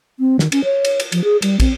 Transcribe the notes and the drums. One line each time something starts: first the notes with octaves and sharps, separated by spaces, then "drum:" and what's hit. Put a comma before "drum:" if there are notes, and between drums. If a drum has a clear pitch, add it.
C4
D#3, drum: snare
C#4, drum: cymbal
C#5
drum: cymbal
drum: cymbal
F3, drum: cymbal
G#4
G3, drum: cymbal
C4, drum: kick, cymbal